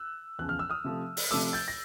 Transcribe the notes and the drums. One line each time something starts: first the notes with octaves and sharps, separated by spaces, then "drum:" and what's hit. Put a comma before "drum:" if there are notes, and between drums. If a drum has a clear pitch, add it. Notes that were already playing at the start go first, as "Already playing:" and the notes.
Already playing: E6 F#6
E2 C#3 F3 F#6
F6
E6
D#6 F6
C3 F3 A3
drum: open hi-hat
C3 F3 A3 D6 E6
G6 A6
A#6